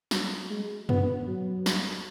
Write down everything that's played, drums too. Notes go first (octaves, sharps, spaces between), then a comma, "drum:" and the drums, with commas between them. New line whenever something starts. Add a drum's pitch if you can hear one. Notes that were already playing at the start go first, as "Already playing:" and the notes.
F#3, drum: snare
G#3
B3, drum: tom F#2
F#3
drum: snare